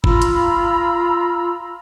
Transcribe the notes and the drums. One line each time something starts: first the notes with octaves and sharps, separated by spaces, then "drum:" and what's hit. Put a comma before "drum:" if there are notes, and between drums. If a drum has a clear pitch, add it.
F4 A#5 B5 E6, drum: kick
drum: hi-hat